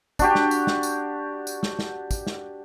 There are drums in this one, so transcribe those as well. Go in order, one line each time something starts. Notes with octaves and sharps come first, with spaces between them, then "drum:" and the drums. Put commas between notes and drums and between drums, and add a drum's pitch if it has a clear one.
D4 F#4 G4, drum: kick, tambourine
drum: snare
drum: tambourine
drum: snare
drum: tambourine
drum: tambourine
drum: snare
drum: snare
drum: kick, tambourine
drum: snare